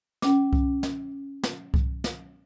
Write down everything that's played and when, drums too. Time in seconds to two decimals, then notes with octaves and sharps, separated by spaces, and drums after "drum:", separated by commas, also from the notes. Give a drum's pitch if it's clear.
0.22 C#4 D6, drum: snare
0.53 drum: kick C2
0.83 drum: snare
1.43 drum: snare
1.74 drum: kick C2
2.04 drum: snare